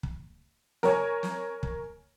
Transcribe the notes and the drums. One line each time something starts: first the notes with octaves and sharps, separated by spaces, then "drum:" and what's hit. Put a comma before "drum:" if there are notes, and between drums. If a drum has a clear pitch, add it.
drum: kick
A#4 C#5 G#5, drum: snare
drum: snare
drum: kick